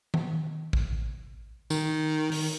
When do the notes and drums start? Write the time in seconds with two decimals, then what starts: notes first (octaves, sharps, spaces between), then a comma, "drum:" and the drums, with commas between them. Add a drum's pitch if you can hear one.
0.14 drum: tom D#3
0.73 drum: kick A1
1.70 D#3, drum: tambourine
2.32 drum: open hi-hat